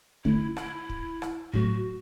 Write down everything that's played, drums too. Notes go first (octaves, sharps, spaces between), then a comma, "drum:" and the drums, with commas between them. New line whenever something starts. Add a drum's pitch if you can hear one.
D3 A3 C#4 E4, drum: kick
E4, drum: rim click
drum: kick
drum: rim click
A2 F#3 A3 F#4, drum: kick